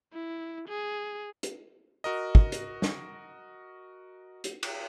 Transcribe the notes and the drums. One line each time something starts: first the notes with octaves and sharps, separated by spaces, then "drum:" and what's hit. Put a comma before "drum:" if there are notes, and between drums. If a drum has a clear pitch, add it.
E4
G#4
drum: hi-hat
F#4 A#4 D#5
drum: kick
drum: hi-hat
drum: snare
drum: hi-hat
drum: cymbal